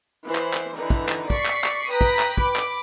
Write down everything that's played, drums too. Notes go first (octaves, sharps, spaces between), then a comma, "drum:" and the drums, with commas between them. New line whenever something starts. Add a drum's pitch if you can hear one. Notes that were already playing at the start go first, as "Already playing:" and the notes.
E3 C5
drum: clap
drum: clap
D3 E3 D#4
drum: kick
drum: clap
D5 C#6 B6 C7, drum: kick
drum: clap
drum: clap
B4 G5 A#5 D#6 B6
drum: kick
drum: clap
B5 D6, drum: kick
drum: clap